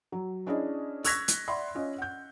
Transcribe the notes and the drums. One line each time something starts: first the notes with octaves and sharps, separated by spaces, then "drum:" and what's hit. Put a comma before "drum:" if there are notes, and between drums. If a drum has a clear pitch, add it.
F#3
C#4 D4 E4 G#4 D#5
C#6 E6 F#6 G#6 A#6 B6, drum: open hi-hat
drum: hi-hat
D5 E5 F#5 B5 C6
C#4 F4 D#5
F#5 G6